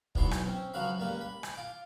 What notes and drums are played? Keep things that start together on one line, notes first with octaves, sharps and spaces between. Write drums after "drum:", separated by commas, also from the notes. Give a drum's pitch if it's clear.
E2 G#2 B2 F#3 B3 C6, drum: kick
drum: rim click
C4 C#4
C#2 F3 F#3 F#4 F5 B5
C#2 G3 A#3 B4
B5
drum: rim click
F4 D6